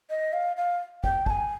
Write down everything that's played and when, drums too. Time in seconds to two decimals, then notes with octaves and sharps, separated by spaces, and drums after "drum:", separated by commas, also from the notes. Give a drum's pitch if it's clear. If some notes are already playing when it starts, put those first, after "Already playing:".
0.10 D#5
0.33 F5
0.57 F5
1.04 G5, drum: kick
1.26 A5, drum: kick
1.30 G#5